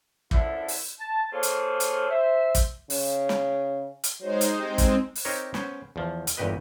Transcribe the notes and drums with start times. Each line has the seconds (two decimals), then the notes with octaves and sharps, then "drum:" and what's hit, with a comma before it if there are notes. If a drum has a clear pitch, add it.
0.31 F#2 D3 F3 E4, drum: kick
0.68 drum: open hi-hat
1.00 A5
1.32 A#3 F4 G#4 A4 C5 C#5
1.43 drum: hi-hat
1.80 drum: hi-hat
2.10 C5 E5
2.55 drum: kick, hi-hat
2.90 C#3, drum: open hi-hat
3.29 drum: snare
4.04 drum: hi-hat
4.21 F#3 G#3 D#4 C5
4.41 drum: hi-hat
4.58 G#3 C4 G4
4.78 drum: kick, hi-hat
5.15 drum: open hi-hat
5.25 C4 D#4 G4 A#4 C5 C#5
5.54 B3 C#4 C5, drum: snare
5.96 E2 F3
6.27 drum: hi-hat
6.37 G1 E2 A#2 G4 B4 D#5